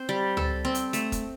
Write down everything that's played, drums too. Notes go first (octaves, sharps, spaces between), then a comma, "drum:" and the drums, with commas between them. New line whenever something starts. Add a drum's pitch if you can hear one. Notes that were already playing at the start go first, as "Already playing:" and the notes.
Already playing: C4 C5
G3
A4, drum: tom
C4
drum: hi-hat
A3, drum: hi-hat
drum: kick, hi-hat